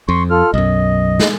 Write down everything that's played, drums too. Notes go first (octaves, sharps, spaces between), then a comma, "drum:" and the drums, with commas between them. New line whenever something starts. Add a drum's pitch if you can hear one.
F2 C6 C#6
F4 A4 F6
B1 F#2 D#5
drum: snare